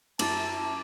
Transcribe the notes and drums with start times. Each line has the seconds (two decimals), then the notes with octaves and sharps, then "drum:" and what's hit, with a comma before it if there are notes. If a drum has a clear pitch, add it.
0.19 F#2 E4 A5 D6 A6, drum: cymbal